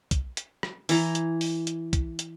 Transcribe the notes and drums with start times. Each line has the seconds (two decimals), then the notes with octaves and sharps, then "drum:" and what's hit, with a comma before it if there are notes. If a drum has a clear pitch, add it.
0.11 drum: kick, hi-hat
0.37 drum: hi-hat
0.63 drum: rim click
0.89 E3 A#5, drum: open hi-hat
1.15 drum: hi-hat
1.41 drum: open hi-hat
1.67 drum: hi-hat
1.93 drum: kick, hi-hat
2.19 drum: hi-hat